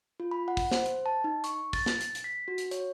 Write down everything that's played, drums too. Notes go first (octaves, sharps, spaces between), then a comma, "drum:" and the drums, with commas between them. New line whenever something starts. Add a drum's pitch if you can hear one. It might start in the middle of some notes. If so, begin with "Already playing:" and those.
F4
B5
F#5
drum: kick, open hi-hat
C5, drum: snare
drum: hi-hat
A5
D#4
C#6, drum: hi-hat
A6, drum: kick, open hi-hat
drum: snare
drum: hi-hat
drum: hi-hat
B6
F#4
drum: hi-hat
C#5, drum: hi-hat